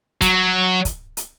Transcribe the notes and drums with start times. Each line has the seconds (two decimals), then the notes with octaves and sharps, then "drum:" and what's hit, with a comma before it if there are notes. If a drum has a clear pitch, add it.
0.21 F#3, drum: kick, hi-hat
0.85 drum: kick, hi-hat
1.17 drum: hi-hat